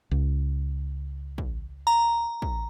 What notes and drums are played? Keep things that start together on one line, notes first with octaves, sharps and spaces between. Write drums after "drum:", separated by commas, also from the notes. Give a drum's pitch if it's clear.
C#2
drum: kick
A#5
drum: kick